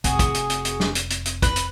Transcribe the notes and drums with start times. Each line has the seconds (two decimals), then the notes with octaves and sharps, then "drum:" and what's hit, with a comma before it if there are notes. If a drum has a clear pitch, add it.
0.04 F1 F#4 G#4, drum: hi-hat
0.19 drum: kick, hi-hat
0.34 drum: hi-hat
0.50 drum: hi-hat
0.65 drum: hi-hat
0.80 drum: snare
0.95 drum: hi-hat
1.10 drum: hi-hat
1.25 drum: hi-hat
1.42 B4, drum: kick, hi-hat
1.56 drum: hi-hat